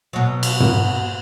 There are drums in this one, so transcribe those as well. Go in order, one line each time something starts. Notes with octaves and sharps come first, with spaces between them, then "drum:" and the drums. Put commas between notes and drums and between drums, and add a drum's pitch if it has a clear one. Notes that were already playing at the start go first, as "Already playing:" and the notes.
B2 F#3
drum: cymbal
drum: tom